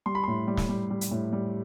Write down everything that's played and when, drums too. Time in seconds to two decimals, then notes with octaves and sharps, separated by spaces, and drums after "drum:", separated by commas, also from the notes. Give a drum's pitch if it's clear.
0.06 G3 C6
0.15 B5
0.24 A2 C6
0.47 G3
0.57 drum: snare
0.69 G3
0.90 G3
1.01 drum: hi-hat
1.11 A2
1.33 G3